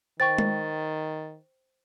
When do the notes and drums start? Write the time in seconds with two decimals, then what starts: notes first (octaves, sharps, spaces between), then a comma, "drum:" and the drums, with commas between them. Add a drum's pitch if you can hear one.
0.20 D#3 C5 G5 C#6 A6
0.38 drum: tom G#3